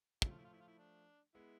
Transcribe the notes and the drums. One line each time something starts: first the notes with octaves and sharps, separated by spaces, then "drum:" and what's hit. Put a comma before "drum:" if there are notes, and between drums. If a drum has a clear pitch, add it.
F3 A3 E4, drum: kick
F4
E4
F4
E4
F4
E4
D4
G#3 B3 E4